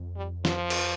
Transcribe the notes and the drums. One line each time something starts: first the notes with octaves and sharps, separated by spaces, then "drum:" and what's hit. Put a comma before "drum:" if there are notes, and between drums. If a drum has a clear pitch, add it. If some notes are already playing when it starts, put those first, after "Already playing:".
Already playing: F2
G3
F3, drum: snare
drum: cymbal